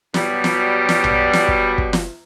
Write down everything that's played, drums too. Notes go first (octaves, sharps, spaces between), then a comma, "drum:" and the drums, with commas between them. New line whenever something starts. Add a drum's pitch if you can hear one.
B2 F#3 G3, drum: snare
drum: snare
drum: snare
drum: tom A#1
drum: snare
drum: kick
drum: kick
drum: snare